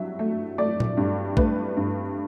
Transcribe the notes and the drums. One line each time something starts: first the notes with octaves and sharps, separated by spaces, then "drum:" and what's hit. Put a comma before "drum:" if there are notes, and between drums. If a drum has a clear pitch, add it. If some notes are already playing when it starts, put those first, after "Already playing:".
Already playing: G2 F#3 E5
A3
A3 D5
drum: tom A#2
G2
A3 B4, drum: kick
G2